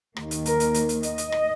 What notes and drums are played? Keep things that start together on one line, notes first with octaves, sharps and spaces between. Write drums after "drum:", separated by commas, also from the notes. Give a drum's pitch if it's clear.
D#2 D#3 A#3, drum: rim click
drum: hi-hat
A#4, drum: hi-hat
drum: hi-hat
drum: hi-hat
drum: hi-hat
D#5, drum: hi-hat
drum: hi-hat
drum: rim click